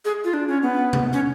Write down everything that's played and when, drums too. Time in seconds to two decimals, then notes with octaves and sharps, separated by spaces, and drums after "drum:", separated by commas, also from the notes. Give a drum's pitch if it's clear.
0.05 G#4
0.24 F4
0.34 D4
0.48 C#4
0.63 B3
0.93 drum: tom C3
1.13 C#4